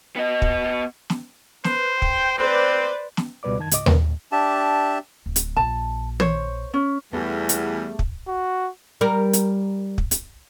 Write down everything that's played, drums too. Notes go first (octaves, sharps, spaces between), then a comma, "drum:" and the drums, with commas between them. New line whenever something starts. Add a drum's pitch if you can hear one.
B3 D#5
drum: kick
drum: snare
B4 C5, drum: snare
G5, drum: kick
C4 B4 C5 D5
drum: snare
C#2 B2 G3 B4 D5 D6
F#2 D#3 A5 G#6
C#2 G#2 C#3 D#5 D6, drum: hi-hat
D3 B3 A#4 B4, drum: tom D#2
D4 G4 E5 A5
D1
drum: hi-hat
A#1 A5
C5 C#5, drum: tom
C#4
E2 G3 A3 B3 G4 G#4
drum: hi-hat
drum: kick
F#4
G3 A#4
drum: hi-hat
drum: kick
drum: hi-hat